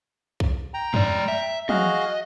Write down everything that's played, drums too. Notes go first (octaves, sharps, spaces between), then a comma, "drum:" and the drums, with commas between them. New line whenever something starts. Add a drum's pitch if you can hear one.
drum: kick B1
G5 A#5
G#3 D5, drum: tom
E5
F#4 G#4 D#5 F5, drum: tom